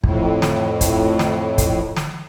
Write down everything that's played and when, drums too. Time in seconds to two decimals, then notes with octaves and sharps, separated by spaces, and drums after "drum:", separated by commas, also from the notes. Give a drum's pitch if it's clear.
0.04 F2 A2, drum: kick
0.42 drum: snare
0.81 drum: kick, hi-hat
1.19 drum: snare
1.58 drum: kick, hi-hat
1.96 drum: snare